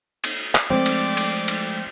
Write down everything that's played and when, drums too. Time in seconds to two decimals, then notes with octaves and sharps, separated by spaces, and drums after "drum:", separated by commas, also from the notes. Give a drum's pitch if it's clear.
0.24 drum: cymbal
0.55 drum: clap
0.70 F3 G#3 A3 C4 D5 D6
0.86 drum: cymbal
1.17 drum: cymbal
1.48 drum: cymbal